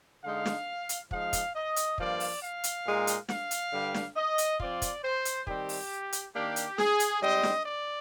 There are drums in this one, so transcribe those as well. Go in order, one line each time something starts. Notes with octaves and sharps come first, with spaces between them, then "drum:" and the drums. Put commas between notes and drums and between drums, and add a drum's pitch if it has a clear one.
D3 G#3 D#4 F5
drum: snare
drum: hi-hat
F3 G#3 D#4 F5, drum: kick
drum: kick, hi-hat
D#5
drum: hi-hat
G2 F3 A#3 F4 D5, drum: kick
drum: open hi-hat
F5
drum: hi-hat
A#2 G#3 D#4
drum: hi-hat
F5, drum: snare
drum: hi-hat
G2 D3 G3
drum: snare
D#5
drum: hi-hat
F3 C4 F4 D5, drum: kick
drum: kick, hi-hat
C5
drum: hi-hat
D#3 G3 C4 G4, drum: kick
drum: open hi-hat
drum: hi-hat
D#3 A#3 D4 G4
drum: hi-hat
G#4, drum: snare
drum: hi-hat
G#2 G3 C4 D#5
drum: snare
D5